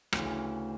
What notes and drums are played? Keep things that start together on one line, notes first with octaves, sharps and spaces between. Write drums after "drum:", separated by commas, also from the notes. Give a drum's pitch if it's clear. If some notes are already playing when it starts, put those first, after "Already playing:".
D2 C#3 E3, drum: rim click